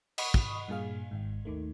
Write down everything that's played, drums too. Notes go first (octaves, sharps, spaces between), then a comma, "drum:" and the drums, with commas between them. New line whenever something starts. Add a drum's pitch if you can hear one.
D#5 F#5 B5 C#6 D#6 C7, drum: cymbal
drum: kick
G2 A#2 G#4 F5
G#1 G#2
D#2 D#3 A3